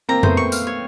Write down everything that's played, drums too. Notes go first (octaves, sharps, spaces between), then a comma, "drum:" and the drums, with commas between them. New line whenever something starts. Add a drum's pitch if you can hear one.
A#3 C4 A#5
A3 B3 C5, drum: tom F2
C#6
F5, drum: tambourine
C#5